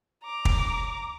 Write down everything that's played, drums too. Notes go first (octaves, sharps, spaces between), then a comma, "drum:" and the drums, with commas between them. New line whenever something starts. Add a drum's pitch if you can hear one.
A#5 D6
drum: kick